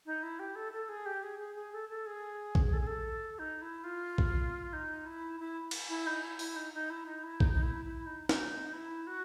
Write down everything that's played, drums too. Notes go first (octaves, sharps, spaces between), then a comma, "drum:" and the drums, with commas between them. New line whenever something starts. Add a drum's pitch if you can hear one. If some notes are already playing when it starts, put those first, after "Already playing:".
D#4
E4
G4
A4
A4
G#4
G4
G#4
G#4
G#4
A4
A4
G#4
drum: kick A#1
A4
G#4
A4
D#4
E4
F4
drum: kick A#1
D#4
E4
E4
drum: cymbal
E4
D#4
E4
E4, drum: open hi-hat
D#4
D#4
E4
D#4
E4
D#4, drum: kick A#1
D#4
E4
E4
D#4
D#4, drum: snare
D#4
E4
F#4